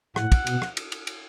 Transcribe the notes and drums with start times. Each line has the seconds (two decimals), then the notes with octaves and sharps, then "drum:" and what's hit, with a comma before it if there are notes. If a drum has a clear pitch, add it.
0.16 A2 F#5, drum: rim click
0.32 drum: kick, cymbal
0.47 B2, drum: cymbal
0.62 drum: rim click
0.77 drum: cymbal
0.92 drum: cymbal
1.07 drum: cymbal